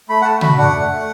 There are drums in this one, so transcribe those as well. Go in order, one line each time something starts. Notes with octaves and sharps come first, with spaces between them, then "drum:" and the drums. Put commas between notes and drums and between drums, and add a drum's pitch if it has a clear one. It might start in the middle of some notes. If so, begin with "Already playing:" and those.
A3 B5
F#5
A3 A5
F#4 B5, drum: tom
D4 F#5
A3
A3